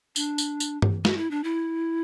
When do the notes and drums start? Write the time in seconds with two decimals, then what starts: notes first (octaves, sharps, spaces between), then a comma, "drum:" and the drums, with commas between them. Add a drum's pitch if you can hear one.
0.16 D4, drum: tambourine
0.38 drum: tambourine
0.60 drum: tambourine
0.82 drum: tom G2
1.05 F#4, drum: snare
1.17 E4
1.31 D4
1.44 E4